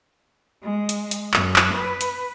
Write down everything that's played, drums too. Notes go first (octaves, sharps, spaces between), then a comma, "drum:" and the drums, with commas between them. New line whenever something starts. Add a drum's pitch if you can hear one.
G#3
drum: hi-hat
drum: hi-hat
F#2, drum: clap
drum: clap
B4
drum: hi-hat